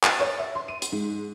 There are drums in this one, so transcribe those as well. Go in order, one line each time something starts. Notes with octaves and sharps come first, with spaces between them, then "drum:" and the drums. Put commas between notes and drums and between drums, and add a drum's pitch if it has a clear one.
A6, drum: clap
C#5
E5
C6
D#7
drum: hi-hat
G#2